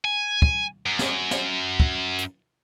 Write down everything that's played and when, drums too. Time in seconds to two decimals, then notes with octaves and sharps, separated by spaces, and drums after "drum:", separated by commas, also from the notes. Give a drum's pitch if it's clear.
0.04 G#5
0.42 drum: kick
0.86 F#2
0.99 drum: snare
1.31 drum: snare
1.80 drum: kick
2.18 drum: hi-hat